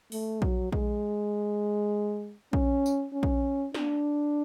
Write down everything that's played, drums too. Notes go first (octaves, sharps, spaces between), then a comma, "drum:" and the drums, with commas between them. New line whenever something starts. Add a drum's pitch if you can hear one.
A3, drum: open hi-hat
F#3, drum: kick A#1
G#3, drum: kick A#1
C#4, drum: kick A#1
drum: tambourine
C#4
drum: kick A#1
D4, drum: snare